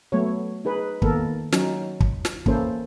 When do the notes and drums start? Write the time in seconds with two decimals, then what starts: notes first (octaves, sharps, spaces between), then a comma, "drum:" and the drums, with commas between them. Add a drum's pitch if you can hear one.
0.12 F#3 A3 B3 C#5
0.65 D#4 G#4 B4
1.02 D#3 A#3 B3 A4 A#4, drum: kick
1.52 F#3 C#4 D#4, drum: snare
2.01 drum: kick
2.25 drum: snare
2.46 E3 A#3 C#4 E4 A4 C5, drum: kick